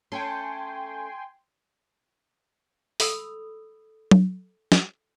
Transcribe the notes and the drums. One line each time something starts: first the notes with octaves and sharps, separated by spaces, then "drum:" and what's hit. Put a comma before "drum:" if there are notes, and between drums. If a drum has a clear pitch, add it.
A3 C#4 A4 G5 G#5 C6
A4 B5 D#6 E6, drum: open hi-hat
drum: tom F#3
drum: snare